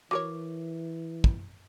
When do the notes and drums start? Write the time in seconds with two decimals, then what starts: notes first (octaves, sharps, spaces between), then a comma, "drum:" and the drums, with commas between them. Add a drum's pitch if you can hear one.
0.11 E3 F#4 A#4 C#5 D6
1.24 drum: kick